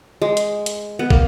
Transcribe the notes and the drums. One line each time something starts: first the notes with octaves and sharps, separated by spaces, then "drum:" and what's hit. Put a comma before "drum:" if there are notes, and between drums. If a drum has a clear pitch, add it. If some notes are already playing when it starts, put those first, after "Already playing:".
G#3
drum: hi-hat
drum: hi-hat
B3
A#3, drum: kick